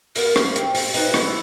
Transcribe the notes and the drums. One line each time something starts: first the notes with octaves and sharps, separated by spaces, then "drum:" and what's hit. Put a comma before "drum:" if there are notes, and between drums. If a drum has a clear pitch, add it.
B3 A#4, drum: open hi-hat
drum: rim click
C4, drum: hi-hat
C4, drum: open hi-hat
D#4 B4, drum: open hi-hat
E4, drum: rim click